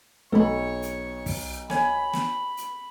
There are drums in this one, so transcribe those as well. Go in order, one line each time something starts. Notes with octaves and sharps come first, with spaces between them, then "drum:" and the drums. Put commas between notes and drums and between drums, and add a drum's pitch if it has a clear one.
B1 A4 C#5 B5 C#6
drum: hi-hat
drum: kick, open hi-hat
C#5 G#5 B5, drum: snare
drum: snare
drum: hi-hat